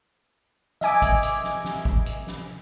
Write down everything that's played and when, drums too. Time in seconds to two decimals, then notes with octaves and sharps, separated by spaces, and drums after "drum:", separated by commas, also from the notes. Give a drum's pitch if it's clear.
0.81 D#5 E5 G#5 D6, drum: snare
1.02 drum: kick, hi-hat
1.23 drum: hi-hat
1.44 drum: snare
1.65 drum: snare
1.85 drum: kick
2.06 drum: hi-hat
2.27 drum: snare